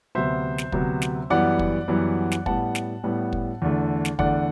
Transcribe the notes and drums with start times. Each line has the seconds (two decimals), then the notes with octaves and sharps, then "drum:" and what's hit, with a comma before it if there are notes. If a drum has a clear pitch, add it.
0.15 D2 C3 F#3 B3 C5 E5
0.58 drum: snare
0.72 D2 C3 F#3 B3, drum: kick
1.02 drum: snare
1.30 F#2 E3 G3 B3 D5 F#5
1.59 drum: kick
1.88 F#2 E3 G3 B3
2.32 drum: snare
2.46 A2 G3 B3 F#5 A5, drum: kick
2.75 drum: snare
3.04 A2 G3 B3
3.33 drum: kick
3.62 E2 D3 A3
4.05 drum: snare
4.19 E2 D3 A3 D5 F#5, drum: kick